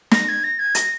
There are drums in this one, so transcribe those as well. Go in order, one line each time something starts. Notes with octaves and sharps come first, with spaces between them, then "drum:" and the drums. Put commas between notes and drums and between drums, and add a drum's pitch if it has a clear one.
A#6, drum: snare
G#6
A#6
G#6
A#6, drum: hi-hat